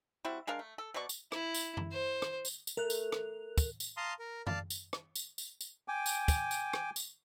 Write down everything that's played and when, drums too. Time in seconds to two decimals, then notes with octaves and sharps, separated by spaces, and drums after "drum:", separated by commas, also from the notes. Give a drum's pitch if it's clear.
0.25 G3 C4 E4 F#4
0.47 G#3 D4 A#4 F5
0.59 A3
0.78 A4
0.94 B2 F#3 D5 C#6
1.09 drum: tambourine
1.32 E4, drum: rim click
1.54 drum: tambourine
1.77 drum: tom F#2
1.92 C5
2.22 drum: rim click
2.45 drum: tambourine
2.67 drum: tambourine
2.77 A3 A#4 F#6
2.90 drum: tambourine
3.12 drum: rim click
3.58 drum: kick, tambourine
3.80 drum: tambourine
3.97 F5 A5 A#5 C6 D#6
4.19 A#4
4.47 D5 F5 A5, drum: tom F#2
4.70 drum: tambourine
4.93 drum: rim click
5.15 drum: tambourine
5.38 drum: tambourine
5.61 drum: tambourine
5.88 G5 G#5 D6
6.06 drum: tambourine
6.28 drum: kick, tambourine
6.51 drum: tambourine
6.73 drum: rim click
6.96 drum: tambourine